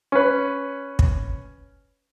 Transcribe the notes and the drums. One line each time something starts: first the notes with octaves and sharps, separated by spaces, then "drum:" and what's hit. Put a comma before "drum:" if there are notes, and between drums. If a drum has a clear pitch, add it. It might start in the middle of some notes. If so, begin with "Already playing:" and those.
C#4 B4
drum: kick